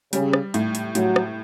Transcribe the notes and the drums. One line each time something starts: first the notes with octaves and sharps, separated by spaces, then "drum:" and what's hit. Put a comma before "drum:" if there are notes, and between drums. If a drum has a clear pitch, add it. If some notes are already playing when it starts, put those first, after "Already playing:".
C#3 G3, drum: hi-hat
drum: rim click
A2, drum: hi-hat
drum: hi-hat
A2 F#3, drum: hi-hat
drum: rim click